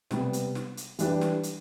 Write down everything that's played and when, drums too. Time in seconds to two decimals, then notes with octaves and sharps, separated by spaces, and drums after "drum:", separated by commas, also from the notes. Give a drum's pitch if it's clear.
0.11 C3 G3 B3, drum: snare
0.33 drum: hi-hat
0.55 drum: snare
0.77 drum: hi-hat
0.99 E3 G3 D4 G4 B4, drum: hi-hat
1.21 drum: snare
1.43 drum: hi-hat